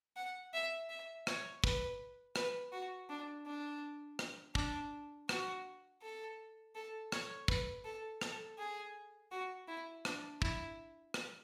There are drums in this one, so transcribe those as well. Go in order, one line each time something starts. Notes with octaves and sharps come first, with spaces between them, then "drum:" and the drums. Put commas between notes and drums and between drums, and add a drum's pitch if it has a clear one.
F#5
E5
E5
C#5, drum: rim click
B4, drum: kick
B4, drum: rim click
F#4
D4
D4
drum: rim click
D4, drum: kick
F#4, drum: rim click
A4
A4
C#5, drum: rim click
B4, drum: kick
A4
A4, drum: rim click
G#4
F#4
E4
D4, drum: rim click
E4, drum: kick
drum: rim click